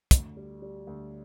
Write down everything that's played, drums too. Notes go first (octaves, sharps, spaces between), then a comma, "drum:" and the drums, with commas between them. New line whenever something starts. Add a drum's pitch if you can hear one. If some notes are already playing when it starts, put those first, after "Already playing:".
D2, drum: kick, hi-hat
G3
G3
D2